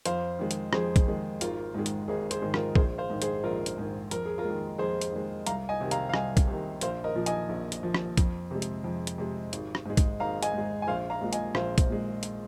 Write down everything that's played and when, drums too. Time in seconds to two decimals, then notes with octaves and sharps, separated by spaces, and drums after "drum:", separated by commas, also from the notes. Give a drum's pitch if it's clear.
0.05 F2 C5 F5, drum: hi-hat
0.39 D#3 G#3
0.51 drum: hi-hat
0.73 F2 G#4 C5, drum: rim click
0.96 drum: kick, hi-hat
1.07 D#3 G#3
1.41 G#1 F4 A#4, drum: hi-hat
1.75 G#2 D#3 G#3
1.86 drum: hi-hat
2.08 G#1 D#4 G#4
2.31 G#4 C5, drum: hi-hat
2.42 G#2 D#3 G#3
2.54 F4 A#4, drum: rim click
2.75 A#1 G#4 C5, drum: kick
2.98 C5 F5
3.10 G#2 D#3
3.22 G#4 C5, drum: hi-hat
3.44 A#1 F4 A#4
3.66 drum: hi-hat
3.78 G#2 D#3
4.11 F2 A#4, drum: hi-hat
4.26 G#4
4.38 F4 A#4
4.45 G#3
4.50 D#3
4.78 F2 G#4 C5
5.01 drum: hi-hat
5.12 D#3 G#3
5.47 C2 F5 A#5, drum: hi-hat
5.69 D#5 G#5
5.80 C3 D#3
5.91 F5 A#5, drum: hi-hat
6.09 F5
6.14 C2 D#5 G#5, drum: rim click
6.37 drum: kick, hi-hat
6.47 C3 D#3
6.81 A#1 C5 F5, drum: hi-hat
7.04 A#4 D#5
7.15 A#2 F3
7.26 D#5 G#5, drum: hi-hat
7.49 A#1
7.72 drum: hi-hat
7.83 A#2 F3
7.94 drum: rim click
8.17 F2, drum: kick, hi-hat
8.51 C3 G#3
8.62 drum: hi-hat
8.84 F2
9.07 drum: hi-hat
9.18 C3 G#3
9.53 G#1, drum: hi-hat
9.75 drum: rim click
9.86 G#2 G#3
9.97 drum: kick, hi-hat
10.20 G#1 F5 A#5
10.43 D#5 G#5, drum: hi-hat
10.53 G#2 G#3
10.82 G#5
10.87 A#1 C5 F5
11.10 F5 A#5
11.21 A#2 G#3
11.33 D#5 G#5, drum: hi-hat
11.55 A#1 C5 F5, drum: rim click
11.78 drum: kick, hi-hat
11.90 A#2 G#3
12.23 drum: hi-hat